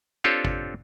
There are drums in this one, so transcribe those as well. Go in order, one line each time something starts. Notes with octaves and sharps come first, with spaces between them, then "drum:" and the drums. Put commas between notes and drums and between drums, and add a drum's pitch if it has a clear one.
C4 D4 F4 G4 A4 C#5
drum: kick G#1